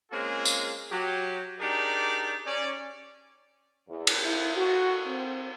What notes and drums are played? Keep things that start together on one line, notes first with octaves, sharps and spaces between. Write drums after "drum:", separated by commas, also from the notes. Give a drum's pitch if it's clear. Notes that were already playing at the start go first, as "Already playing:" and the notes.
G#3 A#3 C4 C#4 F4 G#4
drum: tambourine
F#3 G4
D4 D#4 G4 G#4 A#4 D5
C#4 D5
E2
drum: cymbal
E4
F#4
C4